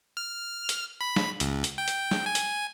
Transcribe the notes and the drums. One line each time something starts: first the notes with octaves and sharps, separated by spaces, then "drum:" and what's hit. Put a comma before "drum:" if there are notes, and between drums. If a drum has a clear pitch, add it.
F6
drum: hi-hat
B5
drum: snare
C#2, drum: hi-hat
drum: hi-hat
G5
drum: hi-hat
drum: snare
G#5
drum: hi-hat